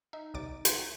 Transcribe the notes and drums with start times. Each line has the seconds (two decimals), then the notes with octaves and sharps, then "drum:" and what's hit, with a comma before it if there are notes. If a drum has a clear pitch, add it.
0.13 D#4 E5
0.34 C2 D6 A6
0.65 C5, drum: hi-hat